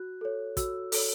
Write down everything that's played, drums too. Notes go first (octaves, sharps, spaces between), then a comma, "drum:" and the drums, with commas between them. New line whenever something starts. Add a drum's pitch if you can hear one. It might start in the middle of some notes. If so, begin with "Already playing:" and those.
Already playing: F#4 F#6
A4 C#5
F#4 E6, drum: kick, hi-hat
A4 C#5, drum: open hi-hat